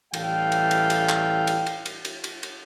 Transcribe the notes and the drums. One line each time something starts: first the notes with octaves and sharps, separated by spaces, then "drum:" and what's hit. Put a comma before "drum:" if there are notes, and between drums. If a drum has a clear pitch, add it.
A1 E3 G3 A4 F5 G5, drum: cymbal
drum: cymbal
drum: cymbal
drum: cymbal
drum: clap
drum: cymbal
drum: cymbal
drum: cymbal
drum: cymbal
drum: cymbal
drum: cymbal